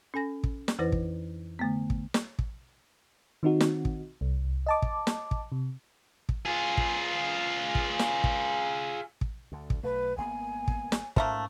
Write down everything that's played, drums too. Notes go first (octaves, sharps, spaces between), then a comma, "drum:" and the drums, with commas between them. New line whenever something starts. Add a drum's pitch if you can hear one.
C#4 A4 G#5 A#6
drum: kick
drum: snare
F2 E3 E4 B4 C5
drum: kick
D3 A3 B3
drum: kick
drum: snare
drum: kick
D#3 C4 D#4 F#4
drum: snare
drum: kick
C2
D#5 A5 D6
drum: kick
drum: snare
drum: kick
C3
drum: kick
F4 G#4
drum: kick
drum: kick
drum: snare
drum: kick
drum: kick
D2 D3
drum: kick
B1 A3 B4
G#1 A#3 B3 G#5
drum: kick
drum: snare
G#2 F3 A3 A#3 C#4, drum: kick